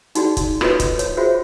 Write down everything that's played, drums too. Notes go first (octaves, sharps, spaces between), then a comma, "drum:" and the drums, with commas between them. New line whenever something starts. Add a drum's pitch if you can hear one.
D#4 F#4 G#4 D5, drum: hi-hat
drum: kick, hi-hat
F4 F#4 A4 B4 C#5 D#5, drum: rim click
drum: kick, hi-hat
C#5, drum: hi-hat
F4 F#4 G#4 C5 E5